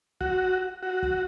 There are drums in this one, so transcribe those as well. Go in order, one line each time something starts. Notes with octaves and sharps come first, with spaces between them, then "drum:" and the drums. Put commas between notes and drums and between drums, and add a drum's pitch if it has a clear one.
F#4, drum: kick
F#4
drum: kick